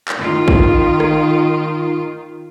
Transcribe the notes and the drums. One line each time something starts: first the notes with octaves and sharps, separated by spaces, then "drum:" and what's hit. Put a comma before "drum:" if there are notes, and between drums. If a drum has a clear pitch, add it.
drum: clap
D#3 F4
drum: kick
drum: rim click